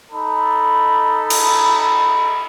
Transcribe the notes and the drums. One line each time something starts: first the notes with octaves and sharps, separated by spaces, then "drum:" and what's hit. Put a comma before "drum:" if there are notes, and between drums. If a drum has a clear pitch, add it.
D#4 A4 B5
drum: cymbal